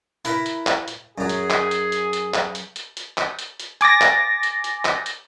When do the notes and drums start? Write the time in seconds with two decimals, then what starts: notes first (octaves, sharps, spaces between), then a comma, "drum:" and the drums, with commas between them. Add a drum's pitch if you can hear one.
0.25 E4 A#4 B4, drum: hi-hat
0.46 drum: hi-hat
0.67 drum: clap
0.88 drum: hi-hat
1.18 F#2 F#3 G#4
1.29 drum: hi-hat
1.50 drum: clap
1.71 drum: hi-hat
1.92 drum: hi-hat
2.13 drum: hi-hat
2.34 drum: clap
2.55 drum: hi-hat
2.76 drum: hi-hat
2.97 drum: hi-hat
3.18 drum: clap
3.39 drum: hi-hat
3.60 drum: hi-hat
3.81 G#5 D6 A6 A#6, drum: hi-hat
4.01 drum: clap
4.43 drum: hi-hat
4.64 drum: hi-hat
4.85 drum: clap
5.06 drum: hi-hat